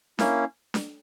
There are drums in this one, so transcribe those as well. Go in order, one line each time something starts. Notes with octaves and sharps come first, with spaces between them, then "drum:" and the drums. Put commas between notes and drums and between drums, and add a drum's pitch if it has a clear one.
A#3 C#4 E4, drum: snare D4
drum: snare D4